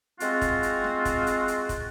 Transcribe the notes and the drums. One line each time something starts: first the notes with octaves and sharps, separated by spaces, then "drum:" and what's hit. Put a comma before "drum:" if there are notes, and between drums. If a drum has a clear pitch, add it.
G#3 C4 F4 F#4, drum: hi-hat
drum: kick, hi-hat
drum: hi-hat
drum: snare
drum: kick, hi-hat
drum: hi-hat
drum: hi-hat
drum: kick, hi-hat